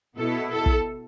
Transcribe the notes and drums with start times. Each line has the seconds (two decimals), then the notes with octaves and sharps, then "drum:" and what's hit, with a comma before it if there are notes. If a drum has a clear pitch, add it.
0.18 B2 B3 E4 A4
0.50 A4
0.66 drum: kick